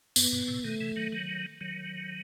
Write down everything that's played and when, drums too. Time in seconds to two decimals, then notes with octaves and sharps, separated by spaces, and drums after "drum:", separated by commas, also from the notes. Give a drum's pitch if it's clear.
0.16 G2 B3, drum: tambourine
0.32 G2 B2
0.48 A2 C3
0.64 B2 D#3 A3
0.80 C3 E3
0.96 D#3 F#3
1.12 D#3 F#3
1.61 D#3 F#3